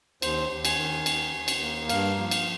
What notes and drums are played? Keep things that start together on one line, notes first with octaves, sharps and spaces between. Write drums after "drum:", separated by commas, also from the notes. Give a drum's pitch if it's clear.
D#2 C5, drum: cymbal
D#2
G#5, drum: cymbal
D#3
D#2, drum: cymbal
D#2
drum: cymbal
A#3
G2 F5, drum: cymbal
F3
drum: cymbal